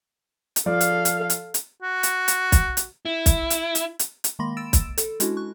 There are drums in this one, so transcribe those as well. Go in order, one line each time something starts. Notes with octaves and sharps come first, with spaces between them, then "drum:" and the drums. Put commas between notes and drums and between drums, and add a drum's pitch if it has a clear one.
drum: hi-hat
F3 A4 D5 F5
drum: hi-hat
drum: hi-hat
drum: hi-hat
drum: hi-hat
F#4
drum: hi-hat
drum: hi-hat
drum: kick, hi-hat
drum: hi-hat
E4
drum: kick, hi-hat
drum: hi-hat
drum: hi-hat
drum: hi-hat
drum: hi-hat
D#3 G#3 A#3 B5 C6 A#6
E6 A6 D7 E7
drum: kick, hi-hat
A4, drum: hi-hat
G#3 C#4 D4 E4 F#4, drum: hi-hat
C#6 F#6